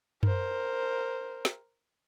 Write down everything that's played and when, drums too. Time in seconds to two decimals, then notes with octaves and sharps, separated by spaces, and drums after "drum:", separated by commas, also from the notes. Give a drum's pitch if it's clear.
0.23 A#4 C5, drum: tom F#2
1.45 drum: snare